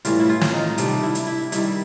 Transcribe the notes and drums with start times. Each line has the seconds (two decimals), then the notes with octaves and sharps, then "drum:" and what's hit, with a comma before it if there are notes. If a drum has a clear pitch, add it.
0.05 A2 E3 G3 F4, drum: hi-hat
0.19 E4
0.29 F4
0.41 drum: snare
0.53 D#4
0.78 C3 D#3 G3 D4, drum: hi-hat
1.03 E4
1.15 drum: hi-hat
1.27 E4
1.52 G2 D#3 G3 E4, drum: hi-hat